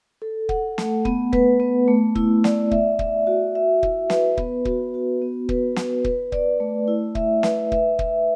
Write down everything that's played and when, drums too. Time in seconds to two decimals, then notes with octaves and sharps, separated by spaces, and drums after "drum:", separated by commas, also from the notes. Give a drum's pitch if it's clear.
0.22 A4
0.49 F#5, drum: kick
0.78 A3, drum: snare
1.05 B3, drum: kick
1.33 B4, drum: kick
1.60 B3
1.88 A3
2.15 E4, drum: kick
2.44 D5, drum: snare
2.71 E5, drum: kick
2.99 E5, drum: kick
3.27 F#4
3.55 E5
3.83 E4, drum: kick
4.10 B4, drum: snare
4.37 B3, drum: kick
4.65 F#4, drum: kick
4.94 F#4
5.22 B3
5.49 B4, drum: kick
5.76 B4, drum: snare
6.04 B4, drum: kick
6.32 D5, drum: kick
6.60 A3
6.88 E4
7.15 E5, drum: kick
7.43 B4, drum: snare
7.72 E5, drum: kick
7.99 E5, drum: kick